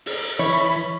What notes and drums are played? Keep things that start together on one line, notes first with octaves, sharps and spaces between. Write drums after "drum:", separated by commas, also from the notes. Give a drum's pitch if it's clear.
drum: open hi-hat
E3 C#5 B5